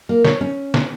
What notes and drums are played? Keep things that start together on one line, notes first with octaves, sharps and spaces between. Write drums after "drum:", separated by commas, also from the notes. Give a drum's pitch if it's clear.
A#3
C#5, drum: snare
C#4
drum: snare